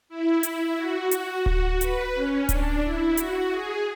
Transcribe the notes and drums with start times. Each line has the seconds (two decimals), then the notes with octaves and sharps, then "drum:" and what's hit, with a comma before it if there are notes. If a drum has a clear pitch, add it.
0.09 E4
0.43 drum: hi-hat
0.77 F#4
1.11 F#4, drum: hi-hat
1.46 drum: kick D1
1.81 B4, drum: hi-hat
2.15 C#4
2.49 D4, drum: kick D1, hi-hat
2.83 E4
3.17 F#4, drum: hi-hat
3.51 G#4